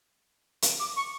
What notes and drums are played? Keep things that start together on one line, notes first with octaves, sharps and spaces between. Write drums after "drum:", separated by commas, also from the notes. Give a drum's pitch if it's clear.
drum: hi-hat
D6
C#6